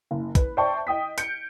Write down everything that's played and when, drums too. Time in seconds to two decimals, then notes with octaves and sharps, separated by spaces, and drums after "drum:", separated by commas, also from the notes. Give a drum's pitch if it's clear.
0.11 F#1
0.35 B4, drum: kick, hi-hat
0.57 C5 D5 E5 G5 A5 C#6
0.87 D#5 G5 D#6 B6
1.18 G6 C#7 D7, drum: hi-hat